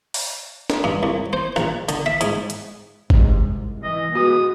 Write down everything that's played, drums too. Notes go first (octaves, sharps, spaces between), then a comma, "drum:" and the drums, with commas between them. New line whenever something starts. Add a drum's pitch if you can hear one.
drum: open hi-hat
drum: snare
G2
C2
C5
A#1, drum: rim click
D3, drum: hi-hat
E5
G#2, drum: hi-hat
drum: hi-hat
G#2 C3, drum: kick G1
C2
E3 D#5
G#3 B3 F#4 D#6